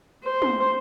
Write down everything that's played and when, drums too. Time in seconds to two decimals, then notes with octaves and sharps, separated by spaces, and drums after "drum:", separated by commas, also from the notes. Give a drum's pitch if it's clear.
0.24 C5
0.42 drum: tom